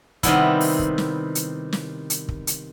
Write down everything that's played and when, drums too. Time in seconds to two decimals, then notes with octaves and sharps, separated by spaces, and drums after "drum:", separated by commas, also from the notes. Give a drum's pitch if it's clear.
0.23 C3 D#3 G3 B3 E4, drum: kick, hi-hat
0.61 drum: open hi-hat
0.79 drum: kick
0.98 drum: snare
1.35 drum: hi-hat
1.73 drum: snare
2.10 drum: hi-hat
2.29 drum: kick
2.47 drum: hi-hat